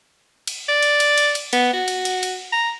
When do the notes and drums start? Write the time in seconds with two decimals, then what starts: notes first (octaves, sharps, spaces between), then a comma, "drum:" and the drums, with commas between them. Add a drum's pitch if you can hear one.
0.47 drum: cymbal
0.69 D5
0.83 drum: cymbal
1.00 drum: cymbal
1.18 drum: cymbal
1.35 drum: cymbal
1.53 B3, drum: cymbal
1.73 F#4
1.88 drum: cymbal
2.05 drum: cymbal
2.23 drum: cymbal
2.52 A#5